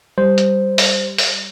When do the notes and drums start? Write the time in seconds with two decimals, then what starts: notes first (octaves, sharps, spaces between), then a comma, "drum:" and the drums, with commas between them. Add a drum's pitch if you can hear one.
0.18 G3 C5
0.38 drum: hi-hat
0.78 drum: open hi-hat
1.18 drum: open hi-hat